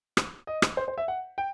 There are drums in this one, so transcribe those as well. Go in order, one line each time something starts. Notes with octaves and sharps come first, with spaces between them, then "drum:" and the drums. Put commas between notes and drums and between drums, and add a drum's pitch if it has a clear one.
drum: rim click
D#5
drum: rim click
C5
C5
E5
F#5
G5